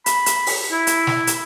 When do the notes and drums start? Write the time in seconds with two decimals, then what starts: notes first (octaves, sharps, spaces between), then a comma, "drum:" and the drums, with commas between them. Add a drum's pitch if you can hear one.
0.06 B5, drum: hi-hat
0.26 drum: hi-hat
0.46 drum: open hi-hat
0.71 E4
0.87 drum: hi-hat
1.07 drum: snare
1.27 drum: hi-hat